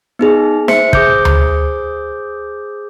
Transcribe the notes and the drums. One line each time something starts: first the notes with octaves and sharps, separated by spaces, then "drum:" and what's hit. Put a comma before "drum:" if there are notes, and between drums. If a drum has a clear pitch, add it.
B3 D#4 G#4
C5 E5 C#7, drum: snare
G#4 D6 G6, drum: kick
drum: tom D2